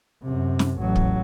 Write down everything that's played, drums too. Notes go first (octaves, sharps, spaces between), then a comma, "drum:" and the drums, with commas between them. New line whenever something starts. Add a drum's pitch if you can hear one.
F#2 C3
drum: snare
A1 F#3
drum: kick